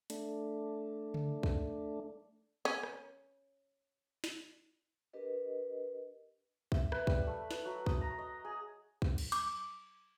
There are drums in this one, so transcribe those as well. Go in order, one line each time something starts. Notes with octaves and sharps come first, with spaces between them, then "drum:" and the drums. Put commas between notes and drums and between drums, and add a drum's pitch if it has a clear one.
A3 D4, drum: hi-hat
drum: tom C#3
drum: kick
C#4
drum: rim click
drum: snare
D4 G4 A#4 B4 D#5
E5, drum: kick
B4, drum: rim click
G3, drum: kick
A3
B4, drum: snare
F#3
D#6, drum: kick
A#5
D#5
G#4
drum: kick
drum: cymbal
D6, drum: hi-hat